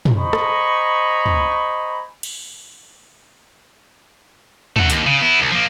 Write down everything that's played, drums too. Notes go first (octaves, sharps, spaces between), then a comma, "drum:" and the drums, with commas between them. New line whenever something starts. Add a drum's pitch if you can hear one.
drum: tom
C5 D#5 G#5 A#5 B5 C#6
drum: rim click
drum: tom
drum: cymbal
A3 F#5, drum: tom
D#2, drum: hi-hat
C#3
B3 E4
C2
F3 A#3